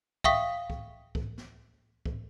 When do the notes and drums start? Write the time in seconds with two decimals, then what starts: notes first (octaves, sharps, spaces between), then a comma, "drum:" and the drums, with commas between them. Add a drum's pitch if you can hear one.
0.24 E5 F5 G5 C#6 D#6 B6, drum: kick
0.70 drum: kick
1.15 drum: kick
1.38 drum: snare
2.06 drum: kick